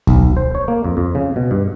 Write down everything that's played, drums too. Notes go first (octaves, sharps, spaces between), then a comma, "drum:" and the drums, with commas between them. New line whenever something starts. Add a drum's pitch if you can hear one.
B1, drum: kick D2
C5
C#5
A#3
F2
F2
C#3
B2
G2